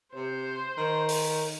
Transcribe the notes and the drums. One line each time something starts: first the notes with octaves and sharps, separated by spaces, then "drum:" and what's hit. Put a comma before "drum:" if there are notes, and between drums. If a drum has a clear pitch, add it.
C3 C5
D#3
drum: open hi-hat